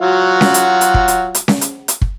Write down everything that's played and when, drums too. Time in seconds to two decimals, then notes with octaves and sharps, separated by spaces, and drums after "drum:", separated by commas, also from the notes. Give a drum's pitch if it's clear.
0.01 F#3 F4 F#4
0.41 drum: snare C#4
0.54 drum: hi-hat
0.81 drum: hi-hat
0.94 drum: kick
1.08 drum: hi-hat
1.35 drum: hi-hat
1.48 drum: snare C#4
1.61 drum: hi-hat
1.88 drum: hi-hat
2.02 drum: kick